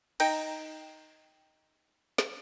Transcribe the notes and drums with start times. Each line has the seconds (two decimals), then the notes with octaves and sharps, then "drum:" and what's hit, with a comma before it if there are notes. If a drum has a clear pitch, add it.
0.20 D#4 G5 A#5, drum: cymbal
2.18 drum: snare